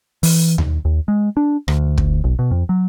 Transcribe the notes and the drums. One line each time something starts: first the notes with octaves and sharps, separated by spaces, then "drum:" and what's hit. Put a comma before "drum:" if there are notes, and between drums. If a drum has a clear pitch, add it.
E3, drum: open hi-hat
D#2, drum: tom D#2
D#2
G#3
D4
D2, drum: rim click
drum: kick
B1
B2
F2
F#3